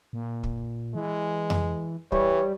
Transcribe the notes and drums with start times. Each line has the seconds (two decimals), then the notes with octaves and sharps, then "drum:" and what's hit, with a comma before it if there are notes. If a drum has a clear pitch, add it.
0.13 A#2
0.43 drum: kick
0.95 E3 G#3
1.50 drum: tom F2
2.12 E3 G3 C#5, drum: kick